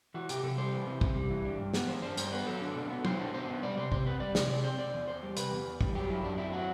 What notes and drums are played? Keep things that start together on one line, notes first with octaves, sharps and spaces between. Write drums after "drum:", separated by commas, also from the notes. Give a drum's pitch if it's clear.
E3 F#4
C3 G4, drum: hi-hat
C3 A4
G3 C5
E3
C3
C3, drum: kick
G3
E3
D4
G2
B3, drum: snare
E3 C5
D4 C5
G2 C5, drum: hi-hat
B3 B4
F#3 A4
D4
B2
B3
F#3 C5, drum: tom
D4
B2 C5
B3
G3 D5
C3 C5
C3 C5, drum: kick
C4 B4
G3 D5
C3 D5, drum: snare
C3 D5
C4 C5
C3 D5
E2
E2 C5
G3
C3 B4, drum: hi-hat
E2
E2
G3, drum: kick
F#3 G4
F#2 E4
F#2 D4
C4 E4
F#3 F#4